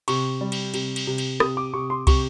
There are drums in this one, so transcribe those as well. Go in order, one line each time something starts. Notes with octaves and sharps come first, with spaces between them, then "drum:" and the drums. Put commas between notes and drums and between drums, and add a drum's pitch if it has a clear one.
C3 C#6, drum: cymbal
G3
drum: cymbal
C3, drum: cymbal
drum: cymbal
C3
drum: cymbal
C3 D#6, drum: rim click
D6
C3 C#6
C6
C3 C#6, drum: kick, cymbal